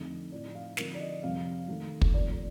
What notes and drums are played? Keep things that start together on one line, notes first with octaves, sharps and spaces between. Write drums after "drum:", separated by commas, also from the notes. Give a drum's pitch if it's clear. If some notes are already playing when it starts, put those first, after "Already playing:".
Already playing: F2 D3 A3 C4 D#4
A2 F3 C4 D#4 D5
F5
D3 F3 C4 D#4 A#4, drum: snare
D5
D#5
F2 C3 G3 C4 F5
D#3 A3 D#4
drum: kick
A#2 F3 A3 C4 D5
D5